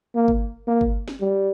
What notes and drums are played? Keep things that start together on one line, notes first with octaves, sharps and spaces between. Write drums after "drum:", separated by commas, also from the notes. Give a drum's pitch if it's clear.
A#3
drum: kick G1
A#3
drum: kick G1
drum: snare
G3